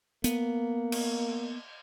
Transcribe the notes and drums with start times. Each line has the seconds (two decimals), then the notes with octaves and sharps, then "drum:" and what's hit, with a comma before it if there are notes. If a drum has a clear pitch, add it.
0.24 A#3 B3, drum: hi-hat
0.92 drum: cymbal